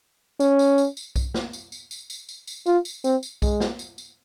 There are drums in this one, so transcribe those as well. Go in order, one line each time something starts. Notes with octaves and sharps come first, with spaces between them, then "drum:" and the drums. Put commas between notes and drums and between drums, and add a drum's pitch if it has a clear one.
C#4, drum: tambourine
drum: tambourine
drum: tambourine
drum: tambourine
drum: kick B1, tambourine
drum: snare
drum: tambourine
drum: tambourine
drum: tambourine
drum: tambourine
drum: tambourine
drum: tambourine
F4, drum: tambourine
drum: tambourine
C4, drum: tambourine
drum: tambourine
G#3, drum: kick B1, tambourine
drum: snare
drum: tambourine
drum: tambourine